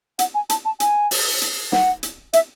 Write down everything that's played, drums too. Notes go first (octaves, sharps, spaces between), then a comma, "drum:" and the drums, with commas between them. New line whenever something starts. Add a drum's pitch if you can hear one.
F#5, drum: hi-hat
G#5
A5, drum: hi-hat
A5
G#5, drum: hi-hat
drum: open hi-hat
drum: hi-hat
F#5, drum: snare
drum: hi-hat
E5, drum: hi-hat